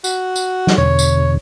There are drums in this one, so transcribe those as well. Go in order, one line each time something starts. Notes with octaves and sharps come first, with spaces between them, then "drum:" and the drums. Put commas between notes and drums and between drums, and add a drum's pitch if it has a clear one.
F#4, drum: tambourine
drum: tambourine
drum: snare
E2 B2 D3 C#5
drum: tambourine